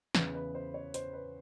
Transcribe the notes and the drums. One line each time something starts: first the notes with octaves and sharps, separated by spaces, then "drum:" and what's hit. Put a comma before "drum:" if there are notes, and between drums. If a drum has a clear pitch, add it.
E2 C#3 E3 B4, drum: snare
B4
C5
C#5
C5, drum: hi-hat
B4